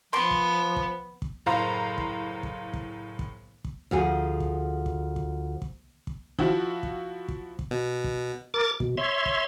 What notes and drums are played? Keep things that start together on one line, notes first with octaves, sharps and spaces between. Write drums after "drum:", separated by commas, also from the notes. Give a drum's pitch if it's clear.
F3 B3 C6 D6
drum: kick
drum: kick
drum: kick
F#1 A2 C5 F5 A#5
drum: kick
drum: kick
drum: kick
drum: kick
drum: kick
D2 F3 G#4
drum: kick
drum: kick
drum: kick
drum: kick
drum: kick
F3 E4 F#4, drum: kick
drum: kick
drum: kick
drum: kick
B2
drum: kick
A#4 D6 A6
B2, drum: kick
C#5 E5 C6
drum: kick